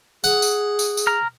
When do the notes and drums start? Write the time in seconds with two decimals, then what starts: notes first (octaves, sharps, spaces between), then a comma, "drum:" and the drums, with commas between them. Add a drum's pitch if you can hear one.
0.24 G#4 F#5, drum: tambourine
0.42 drum: tambourine
0.79 drum: tambourine
0.97 drum: tambourine
1.07 A#5 F6